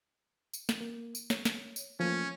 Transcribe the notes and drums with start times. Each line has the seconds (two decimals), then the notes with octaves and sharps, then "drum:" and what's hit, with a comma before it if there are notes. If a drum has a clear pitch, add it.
0.54 drum: tambourine
0.69 drum: snare
0.81 A#3
1.15 drum: tambourine
1.30 C#5, drum: snare
1.45 drum: snare
1.76 drum: tambourine
2.00 F3 A3 A#3 C#4